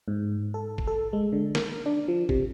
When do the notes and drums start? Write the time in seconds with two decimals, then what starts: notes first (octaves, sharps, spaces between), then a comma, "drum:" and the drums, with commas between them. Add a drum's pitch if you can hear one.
0.08 G#2
0.54 A4
0.78 drum: kick G#1
0.87 A4
1.13 G#3
1.32 D3
1.55 A#4, drum: snare
1.86 D4
2.08 F3
2.29 C3, drum: kick G#1